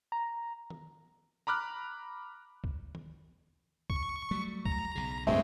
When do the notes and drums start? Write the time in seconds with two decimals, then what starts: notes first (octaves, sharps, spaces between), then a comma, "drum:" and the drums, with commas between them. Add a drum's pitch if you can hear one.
0.12 A#5
0.70 drum: tom D#3
1.47 A#5 B5 D6 F6 F#6
2.64 drum: kick
2.95 drum: tom D#3
3.90 C#6, drum: kick
4.31 F#3 G3 A3
4.65 A#5, drum: kick
4.95 B1 C#3
5.27 D1 C#2 G2 G#3 A3 C4